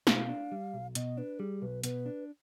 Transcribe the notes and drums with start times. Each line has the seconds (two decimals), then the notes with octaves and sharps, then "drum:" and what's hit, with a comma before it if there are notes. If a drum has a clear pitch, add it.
0.07 B2 F5, drum: snare
0.29 D4
0.52 G3
0.74 B1
0.95 B2 D#5, drum: hi-hat
1.17 D4 B4
1.39 G3 G#4
1.62 B1 B4
1.84 B2 B4, drum: hi-hat
2.06 D4